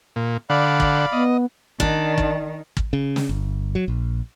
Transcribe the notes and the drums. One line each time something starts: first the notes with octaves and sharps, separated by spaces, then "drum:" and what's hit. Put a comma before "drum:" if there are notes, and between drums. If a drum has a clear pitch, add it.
A#2
D3 D5 F5 F#5 B5
drum: kick
B3 D#5
D#3 D4, drum: kick
drum: kick
drum: kick
C#3
drum: snare
G1
F#3
A#1